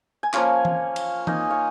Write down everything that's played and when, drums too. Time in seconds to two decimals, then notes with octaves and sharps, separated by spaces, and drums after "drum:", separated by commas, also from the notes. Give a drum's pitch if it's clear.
0.23 G#5
0.33 F3 A#3 C#4 F4 C#5 F5, drum: clap
0.65 drum: tom E3
0.96 drum: cymbal
1.27 A#3 D#4 D#5 G#5, drum: tom E3
1.50 C#5 F5